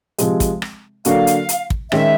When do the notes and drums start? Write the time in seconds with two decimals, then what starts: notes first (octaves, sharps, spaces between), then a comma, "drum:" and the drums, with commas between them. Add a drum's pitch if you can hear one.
0.18 C3 F3 G#3, drum: hi-hat
0.40 drum: kick, hi-hat
0.62 drum: rim click
1.05 D3 F#3 A#3 D4 F#4 F5, drum: hi-hat
1.27 drum: hi-hat
1.49 drum: hi-hat
1.70 drum: kick
1.92 D#3 G#3 C#4 E5, drum: rim click